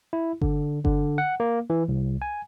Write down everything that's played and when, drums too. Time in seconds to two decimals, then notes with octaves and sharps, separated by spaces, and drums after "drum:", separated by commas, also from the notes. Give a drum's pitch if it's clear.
0.13 E4
0.42 D3, drum: kick G1
0.85 D3, drum: kick G1
1.18 F#5
1.40 A#3
1.70 E3
1.88 C2
2.22 G#5